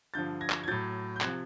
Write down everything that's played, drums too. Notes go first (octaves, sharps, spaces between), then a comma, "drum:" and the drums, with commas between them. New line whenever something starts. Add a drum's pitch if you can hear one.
G2 D3 F3 G6 A6
G#6 A#6
drum: clap
G#6
A2 F#3 G6 A6
G6
C3 F3 F#6 G#6, drum: clap